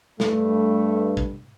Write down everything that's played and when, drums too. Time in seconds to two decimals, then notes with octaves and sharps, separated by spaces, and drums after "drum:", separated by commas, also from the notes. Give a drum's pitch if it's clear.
0.20 G2 A3, drum: snare
1.17 drum: kick